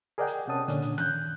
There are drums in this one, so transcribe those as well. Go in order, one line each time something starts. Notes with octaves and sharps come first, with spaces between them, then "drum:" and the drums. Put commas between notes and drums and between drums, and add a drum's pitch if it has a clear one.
G#4 A#4 D5 D#5 F#5 G5
drum: hi-hat
C3 C#4 F#5 A5 D#6
A#2 D3 C#4 D4, drum: hi-hat
drum: hi-hat
F#6 G6, drum: tom D#3